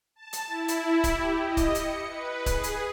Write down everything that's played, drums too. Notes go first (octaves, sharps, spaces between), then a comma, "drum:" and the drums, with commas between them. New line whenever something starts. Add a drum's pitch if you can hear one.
A5
drum: hi-hat
E4
drum: hi-hat
drum: kick C#1, hi-hat
G4
D#5
drum: kick C#1, hi-hat
C#7, drum: hi-hat
B4
G#4, drum: kick C#1, hi-hat
drum: hi-hat